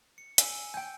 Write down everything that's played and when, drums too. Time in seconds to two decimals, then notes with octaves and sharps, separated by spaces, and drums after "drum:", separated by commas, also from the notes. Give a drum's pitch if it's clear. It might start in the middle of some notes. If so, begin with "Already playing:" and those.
0.18 C#7
0.38 G#5 E6 D#7, drum: hi-hat
0.74 G5 G#5 G6 D7